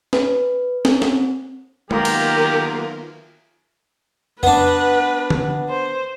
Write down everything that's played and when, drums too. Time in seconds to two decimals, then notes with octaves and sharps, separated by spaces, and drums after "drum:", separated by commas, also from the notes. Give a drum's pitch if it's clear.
0.13 B4, drum: snare
0.85 C4, drum: snare
1.02 drum: snare
1.91 D#3 F#3 A#3 B3 F4 G4 A#4, drum: tom G#3
2.05 drum: cymbal
4.43 B3 D4 B4, drum: tom F2
5.30 drum: tom D3
5.69 C5